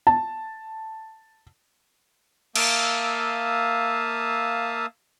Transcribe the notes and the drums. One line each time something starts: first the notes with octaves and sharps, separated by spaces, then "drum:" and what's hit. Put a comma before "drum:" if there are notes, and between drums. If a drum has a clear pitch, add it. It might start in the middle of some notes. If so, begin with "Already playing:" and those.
A5
A#3 E5 F5 A5 D#6 E6, drum: cymbal